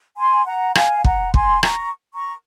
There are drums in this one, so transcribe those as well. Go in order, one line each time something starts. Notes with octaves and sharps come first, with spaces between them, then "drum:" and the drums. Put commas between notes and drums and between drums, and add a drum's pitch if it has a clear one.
G#5 C6
F#5 A#5
F5 G#5, drum: rim click
F#5 A#5, drum: kick
G#5 C6, drum: kick
A#5 C#6, drum: rim click
A#5 C#6